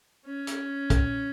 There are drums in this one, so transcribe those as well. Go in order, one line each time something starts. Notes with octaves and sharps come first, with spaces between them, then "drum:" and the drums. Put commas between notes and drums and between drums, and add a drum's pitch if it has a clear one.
C#4
drum: hi-hat
drum: kick A#1, hi-hat